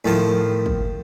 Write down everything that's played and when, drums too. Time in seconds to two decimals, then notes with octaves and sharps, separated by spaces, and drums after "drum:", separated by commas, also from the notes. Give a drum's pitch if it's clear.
0.05 A2 D#3 F3
0.66 drum: kick